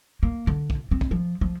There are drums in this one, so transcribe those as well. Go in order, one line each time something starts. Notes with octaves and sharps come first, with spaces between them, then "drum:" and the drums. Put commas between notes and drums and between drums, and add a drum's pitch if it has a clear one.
A#3
D3
drum: kick
C4
drum: kick
F3
F3